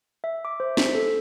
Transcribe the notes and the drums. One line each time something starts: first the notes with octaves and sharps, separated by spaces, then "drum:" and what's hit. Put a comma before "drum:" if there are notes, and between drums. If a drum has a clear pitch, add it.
E5
D6
C5
B6, drum: snare
A4